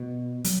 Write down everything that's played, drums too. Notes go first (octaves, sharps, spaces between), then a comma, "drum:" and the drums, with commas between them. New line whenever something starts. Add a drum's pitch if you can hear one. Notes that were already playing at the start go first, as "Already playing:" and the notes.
Already playing: B2
F#3, drum: hi-hat